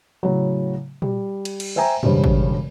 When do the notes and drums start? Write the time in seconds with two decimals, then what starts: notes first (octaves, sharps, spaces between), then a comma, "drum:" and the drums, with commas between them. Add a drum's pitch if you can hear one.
0.23 A2 C#3 F#3
1.02 G3, drum: tom A#2
1.45 drum: cymbal
1.60 drum: cymbal
1.76 C5 E5 G5 G#5 A#5
2.03 E1 G2 C#3 C5, drum: tom
2.24 drum: kick